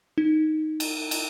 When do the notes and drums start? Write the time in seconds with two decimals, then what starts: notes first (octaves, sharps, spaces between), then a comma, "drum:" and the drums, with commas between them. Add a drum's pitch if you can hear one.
0.18 D#4
0.80 drum: cymbal
1.11 drum: cymbal